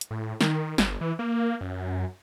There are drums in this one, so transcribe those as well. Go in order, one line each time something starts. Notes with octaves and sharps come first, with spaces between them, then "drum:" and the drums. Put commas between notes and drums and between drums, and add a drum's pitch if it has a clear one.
drum: hi-hat
A2
D#3, drum: snare
G1, drum: snare
E3
A#3
F#2